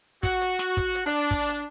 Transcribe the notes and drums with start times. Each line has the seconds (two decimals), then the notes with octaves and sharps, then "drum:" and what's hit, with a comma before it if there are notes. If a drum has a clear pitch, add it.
0.23 F#4, drum: kick, hi-hat
0.41 drum: hi-hat
0.59 drum: snare
0.77 drum: kick, hi-hat
0.95 drum: hi-hat
1.06 D4
1.31 drum: kick, hi-hat
1.49 drum: hi-hat